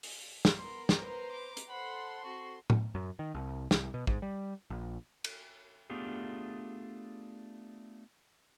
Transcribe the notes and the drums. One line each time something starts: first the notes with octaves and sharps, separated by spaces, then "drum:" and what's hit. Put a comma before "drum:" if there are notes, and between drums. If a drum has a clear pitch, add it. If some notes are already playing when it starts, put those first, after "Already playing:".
drum: open hi-hat
drum: snare
B3 A#4 C6
drum: snare
B4 C5 A#5 C6
D6
drum: hi-hat
A4 C5 F#5 B5 C6
C4 F#4 C#6
drum: tom A2
F#2
D#3
C2
C2, drum: snare
B2
G#2, drum: kick
G3
A#1
drum: cymbal
A3 B3 D4 F4 G4 G#4